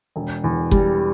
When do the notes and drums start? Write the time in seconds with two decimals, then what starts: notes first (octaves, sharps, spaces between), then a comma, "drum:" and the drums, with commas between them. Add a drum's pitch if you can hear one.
0.16 E1
0.44 E2
0.71 G3, drum: kick F#1